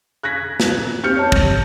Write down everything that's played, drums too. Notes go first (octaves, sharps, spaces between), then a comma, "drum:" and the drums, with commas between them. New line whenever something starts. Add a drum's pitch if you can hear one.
F#6 G#6 A#6 B6
drum: snare
C4 G4 F6 G6 C#7
C#5 A5
drum: kick